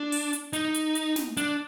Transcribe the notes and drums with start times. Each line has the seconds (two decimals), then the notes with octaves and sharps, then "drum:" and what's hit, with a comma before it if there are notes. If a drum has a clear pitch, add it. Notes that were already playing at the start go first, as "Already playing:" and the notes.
Already playing: D4
0.12 drum: open hi-hat
0.33 drum: hi-hat
0.53 D#4, drum: hi-hat
0.74 drum: hi-hat
0.95 drum: hi-hat
1.16 drum: snare
1.37 D4, drum: hi-hat